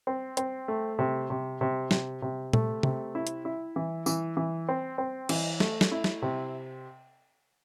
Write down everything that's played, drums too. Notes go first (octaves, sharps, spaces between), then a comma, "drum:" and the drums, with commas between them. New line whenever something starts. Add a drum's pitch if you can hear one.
C4
C4, drum: hi-hat
A3
C3
C3
C3
C3, drum: snare
C3
A3, drum: tom A#2
C3, drum: tom C3
E4
drum: hi-hat
E4
E3
E3, drum: tambourine
E3
C4
C4
E3, drum: cymbal
A3, drum: snare
drum: snare
E4
drum: snare
C3